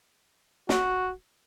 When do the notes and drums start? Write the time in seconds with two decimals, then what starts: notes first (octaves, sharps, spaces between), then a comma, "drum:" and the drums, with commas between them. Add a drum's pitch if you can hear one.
0.69 F#4, drum: snare